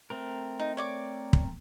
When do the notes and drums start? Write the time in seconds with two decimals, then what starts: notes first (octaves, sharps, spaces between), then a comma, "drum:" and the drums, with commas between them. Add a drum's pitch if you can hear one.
0.10 A3 C4 A#4
0.59 D#4
0.77 C#5 D5 D6
1.33 drum: kick